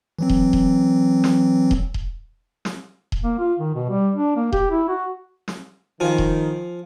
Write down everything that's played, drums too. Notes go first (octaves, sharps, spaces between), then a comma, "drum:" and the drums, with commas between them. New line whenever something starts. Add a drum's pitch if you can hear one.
E3 F#3 C4
drum: kick D#1
drum: kick D#1
drum: snare
drum: kick D#1
drum: kick D#1
drum: snare
drum: kick D#1
A#3
F4
D#3
B2
G3
D4
A#3
G4, drum: kick D#1
E4
F#4
drum: snare
D#3 F3 F4 G#5
drum: kick D#1